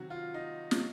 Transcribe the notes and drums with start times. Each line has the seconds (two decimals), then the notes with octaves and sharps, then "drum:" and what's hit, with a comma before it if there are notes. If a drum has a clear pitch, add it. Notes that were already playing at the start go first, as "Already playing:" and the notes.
Already playing: C3 D#3 F#3 F#4
0.10 F4
0.34 D#4
0.71 drum: snare